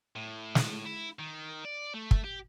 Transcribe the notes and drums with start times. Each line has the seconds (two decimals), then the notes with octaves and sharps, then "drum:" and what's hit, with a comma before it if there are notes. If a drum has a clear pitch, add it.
0.16 A2
0.55 drum: snare
0.85 E4
1.19 D#3
1.65 D5
1.94 A3
2.11 drum: kick
2.24 G4